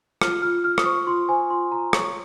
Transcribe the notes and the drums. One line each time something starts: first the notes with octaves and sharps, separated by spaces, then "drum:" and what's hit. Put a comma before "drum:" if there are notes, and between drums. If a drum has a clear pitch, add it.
F4 F6, drum: rim click
F4 F6
F4 F6
D#6, drum: rim click
C5 C#6
F4 C6
C5 G#5
F4 C6
F4 A#5
C#5 C#6, drum: rim click